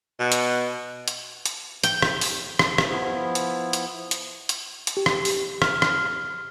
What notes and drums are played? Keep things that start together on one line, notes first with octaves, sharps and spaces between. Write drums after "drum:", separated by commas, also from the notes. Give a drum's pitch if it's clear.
B2
drum: hi-hat
drum: hi-hat
drum: hi-hat
G5, drum: hi-hat
drum: rim click
drum: open hi-hat
drum: rim click
drum: rim click
F3 B3 E4
drum: hi-hat
drum: hi-hat
drum: hi-hat
drum: hi-hat
drum: hi-hat
G4
drum: rim click
drum: open hi-hat
F6, drum: rim click
drum: rim click